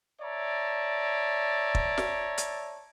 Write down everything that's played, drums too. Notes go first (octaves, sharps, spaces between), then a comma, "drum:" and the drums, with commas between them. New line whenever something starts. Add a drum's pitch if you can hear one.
C#5 D5 E5 A5 A#5
drum: kick
drum: snare
drum: hi-hat